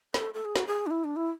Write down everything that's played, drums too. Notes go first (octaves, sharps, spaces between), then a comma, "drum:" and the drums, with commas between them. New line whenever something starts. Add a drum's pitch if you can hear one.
A4, drum: snare
A4
G#4
F#4, drum: snare
G#4
D4
E4
D4
E4